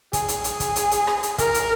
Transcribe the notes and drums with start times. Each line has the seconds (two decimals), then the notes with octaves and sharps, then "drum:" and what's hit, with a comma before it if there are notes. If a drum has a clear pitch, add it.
0.13 G#4, drum: kick, hi-hat
0.28 drum: hi-hat
0.44 drum: hi-hat
0.60 drum: kick, hi-hat
0.76 drum: hi-hat
0.91 drum: hi-hat
1.07 drum: rim click
1.23 drum: hi-hat
1.38 A#4, drum: kick, hi-hat
1.54 drum: hi-hat